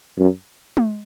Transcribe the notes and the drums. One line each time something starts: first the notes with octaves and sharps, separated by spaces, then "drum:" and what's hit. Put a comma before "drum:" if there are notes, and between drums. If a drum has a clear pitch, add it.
F#2
drum: tom G#3